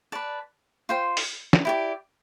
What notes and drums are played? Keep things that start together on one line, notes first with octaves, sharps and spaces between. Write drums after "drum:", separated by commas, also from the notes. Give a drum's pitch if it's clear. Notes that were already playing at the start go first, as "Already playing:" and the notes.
B4 D5 A5
F4 C5 G5 C6
drum: open hi-hat
drum: snare
E4 G4 D5